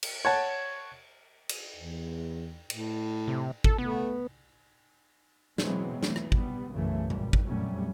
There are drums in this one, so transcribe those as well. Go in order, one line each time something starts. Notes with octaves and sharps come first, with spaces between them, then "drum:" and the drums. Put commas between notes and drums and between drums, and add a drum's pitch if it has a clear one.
drum: cymbal
C#5 F#5 A5
drum: cymbal
E2
A2, drum: cymbal
C3
A4, drum: kick
A3 B3
B2 E3 F#3 G#3 B3 C4, drum: snare
E3 A3, drum: snare
drum: rim click
G3 B3, drum: kick
B1 F#2 C#3 E3 A3
G#1 A#2 G3, drum: tom B2
drum: kick
F2 A#2 F#3 G3 A3 C#4